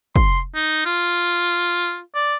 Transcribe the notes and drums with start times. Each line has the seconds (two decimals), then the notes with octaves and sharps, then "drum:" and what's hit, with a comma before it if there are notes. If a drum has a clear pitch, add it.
0.16 C6, drum: kick
0.55 D#4
0.85 F4
2.15 D5